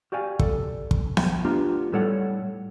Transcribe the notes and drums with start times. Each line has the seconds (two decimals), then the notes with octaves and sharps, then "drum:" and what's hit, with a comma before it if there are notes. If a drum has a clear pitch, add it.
0.12 F#4 G4 D5 F5 G#5
0.39 A4 D5, drum: kick
0.91 drum: kick
1.17 drum: snare B3
1.45 A3 B3 D4 F4 G4 A#5
1.92 A2 G3 A4 C#5 F#5